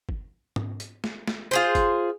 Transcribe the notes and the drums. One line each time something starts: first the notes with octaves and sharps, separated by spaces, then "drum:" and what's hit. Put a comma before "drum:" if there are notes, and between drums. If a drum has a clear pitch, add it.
drum: kick G1
drum: tom G#2
drum: hi-hat
drum: snare
drum: snare
F4 G#4 C5
drum: kick G1, hi-hat